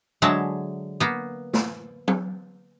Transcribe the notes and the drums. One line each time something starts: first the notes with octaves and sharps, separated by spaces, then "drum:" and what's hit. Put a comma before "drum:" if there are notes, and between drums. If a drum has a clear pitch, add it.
D3 F#3 G#3 E5 A5
A#3 B3
drum: snare
drum: tom F#3